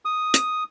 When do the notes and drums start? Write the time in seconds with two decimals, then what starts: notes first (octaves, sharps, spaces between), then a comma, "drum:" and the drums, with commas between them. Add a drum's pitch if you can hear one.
0.05 D#6
0.34 drum: hi-hat